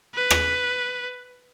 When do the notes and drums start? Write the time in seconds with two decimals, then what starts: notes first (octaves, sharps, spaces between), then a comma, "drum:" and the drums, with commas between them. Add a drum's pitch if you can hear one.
0.15 B4
0.30 drum: rim click